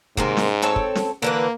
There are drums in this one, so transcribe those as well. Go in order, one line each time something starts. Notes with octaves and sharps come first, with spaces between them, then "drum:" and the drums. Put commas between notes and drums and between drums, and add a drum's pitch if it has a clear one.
G#2 C3 D#3 A#3, drum: kick
drum: snare
C4 A4 C#5
drum: kick
drum: snare
D3 E3 A#3 B4